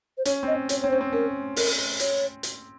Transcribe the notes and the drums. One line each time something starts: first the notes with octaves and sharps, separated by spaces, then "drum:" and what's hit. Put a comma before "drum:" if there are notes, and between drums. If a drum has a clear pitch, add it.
C5
C#4 C#5, drum: hi-hat
C4 D#5
C#4
C#5, drum: hi-hat
C4 C#5
C#4 C5
C4
C#4 A#4
A#4, drum: open hi-hat
C#5, drum: hi-hat
drum: hi-hat